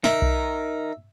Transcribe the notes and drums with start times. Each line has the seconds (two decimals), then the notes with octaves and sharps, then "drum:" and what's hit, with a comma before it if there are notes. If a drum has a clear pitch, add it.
0.04 D#4 A#4 E5, drum: snare
0.22 drum: kick B1